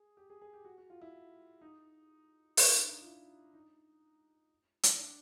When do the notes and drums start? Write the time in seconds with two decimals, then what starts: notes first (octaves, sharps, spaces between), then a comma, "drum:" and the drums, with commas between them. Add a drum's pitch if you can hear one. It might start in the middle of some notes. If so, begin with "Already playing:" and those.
Already playing: G#4
0.17 G4
0.30 G#4
0.41 G#4
0.53 G4
0.65 F#4
0.78 F#4
0.90 F4
1.01 E4
1.61 D#4
2.57 E4, drum: open hi-hat
2.67 D#4
2.77 D4
2.85 D#4
3.01 F4
3.05 E4
3.54 D#4
4.83 drum: hi-hat
4.99 D4